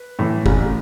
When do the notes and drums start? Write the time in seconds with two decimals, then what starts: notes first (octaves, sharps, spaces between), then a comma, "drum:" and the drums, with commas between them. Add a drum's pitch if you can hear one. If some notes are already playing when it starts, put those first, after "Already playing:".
Already playing: B4
0.19 A2 E3
0.46 A1, drum: kick F1